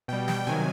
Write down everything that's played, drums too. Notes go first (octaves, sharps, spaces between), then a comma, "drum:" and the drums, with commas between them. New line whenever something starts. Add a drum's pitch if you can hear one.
B2 G3 G5
G5, drum: snare
C3 D#3 F#3 G#5